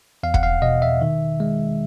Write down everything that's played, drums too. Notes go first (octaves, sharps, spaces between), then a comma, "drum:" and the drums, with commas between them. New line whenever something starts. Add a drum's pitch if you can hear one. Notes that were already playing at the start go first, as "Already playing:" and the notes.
E2 F5
F#5, drum: kick
F5
B2 D#5
E5
D#3
G#3